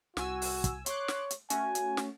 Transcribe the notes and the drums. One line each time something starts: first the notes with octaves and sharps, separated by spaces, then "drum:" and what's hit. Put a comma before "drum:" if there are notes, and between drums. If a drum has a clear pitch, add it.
C2 F#4 G#5 E6, drum: snare
drum: open hi-hat
drum: kick, hi-hat
C#5 C6 D6 F#6, drum: hi-hat
drum: snare
drum: hi-hat
A3 C#4 F#4 G#5, drum: hi-hat
drum: hi-hat
drum: snare